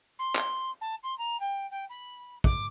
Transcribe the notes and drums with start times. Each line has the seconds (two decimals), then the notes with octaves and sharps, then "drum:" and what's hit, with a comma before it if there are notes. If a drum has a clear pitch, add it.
0.19 C6
0.35 drum: clap
0.81 A5
1.03 C6
1.18 A#5
1.40 G5
1.71 G5
1.89 B5
2.44 D6, drum: kick